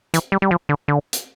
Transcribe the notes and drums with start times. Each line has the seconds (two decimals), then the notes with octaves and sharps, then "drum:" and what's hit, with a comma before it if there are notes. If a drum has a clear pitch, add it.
0.14 E3, drum: hi-hat
0.32 G3
0.42 G3
0.51 F3
0.69 D3
0.88 D3
1.13 drum: hi-hat